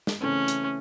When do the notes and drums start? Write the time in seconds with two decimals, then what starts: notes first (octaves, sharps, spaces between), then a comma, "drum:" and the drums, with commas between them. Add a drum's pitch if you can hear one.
0.07 drum: snare
0.21 C#3 E3 A3 C4 C#4
0.48 drum: hi-hat